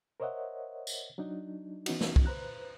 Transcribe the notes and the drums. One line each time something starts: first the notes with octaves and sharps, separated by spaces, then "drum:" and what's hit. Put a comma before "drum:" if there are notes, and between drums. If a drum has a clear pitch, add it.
A#4 C5 C#5 D#5 E5 F#5
drum: tambourine
F#3 D4 D#4
E3 B3 C#4 D#4 F#4, drum: cymbal
drum: snare
drum: kick C2
B4 C5 A#5 F#6